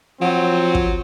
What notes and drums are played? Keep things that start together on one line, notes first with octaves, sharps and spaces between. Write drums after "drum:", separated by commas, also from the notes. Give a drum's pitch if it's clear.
F3 F#3 C4
drum: kick